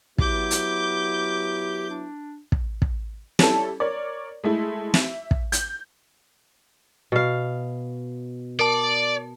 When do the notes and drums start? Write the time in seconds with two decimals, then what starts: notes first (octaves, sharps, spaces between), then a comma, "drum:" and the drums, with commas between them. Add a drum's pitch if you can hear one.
0.18 F#3 B3 E4 G4 D6 G6, drum: kick
0.51 drum: hi-hat
1.90 D4
2.52 drum: kick
2.82 drum: kick
3.39 G3 C#4 E4 A4, drum: snare
3.80 A#4 C#5 D5
4.44 G#3 A3 E4
4.94 E5, drum: snare
5.31 drum: kick
5.52 G6, drum: hi-hat
7.12 B2 F5
8.59 A#4 D5 A5